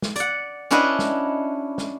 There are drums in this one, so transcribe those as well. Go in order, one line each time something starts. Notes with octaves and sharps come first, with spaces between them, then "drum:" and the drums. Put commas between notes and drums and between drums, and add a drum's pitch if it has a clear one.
drum: snare
D5 F#5, drum: hi-hat
C#4 D4 E4 F#4 B4 D#5
drum: snare
drum: snare